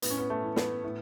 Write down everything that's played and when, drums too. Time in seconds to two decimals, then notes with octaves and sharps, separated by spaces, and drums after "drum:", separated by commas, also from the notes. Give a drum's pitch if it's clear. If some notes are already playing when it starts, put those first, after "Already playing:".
0.02 A2 B3, drum: hi-hat
0.10 C#4
0.19 B3
0.30 A3
0.43 E3
0.56 B3, drum: snare
0.84 A2